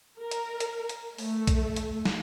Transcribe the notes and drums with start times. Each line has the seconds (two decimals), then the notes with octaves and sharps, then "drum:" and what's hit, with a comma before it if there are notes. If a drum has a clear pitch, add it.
0.19 A#4
0.31 drum: hi-hat
0.60 drum: hi-hat
0.89 drum: hi-hat
1.18 A3, drum: open hi-hat
1.47 drum: kick B1, hi-hat
1.76 drum: hi-hat
2.05 drum: snare